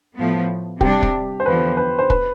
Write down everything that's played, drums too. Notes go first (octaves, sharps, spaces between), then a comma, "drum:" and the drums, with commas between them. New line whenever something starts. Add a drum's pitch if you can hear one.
A2 F3 B3
C3 G3 D4 G4, drum: kick
drum: kick
C5
E2 D3 F3 B4
B4
C5
B4, drum: kick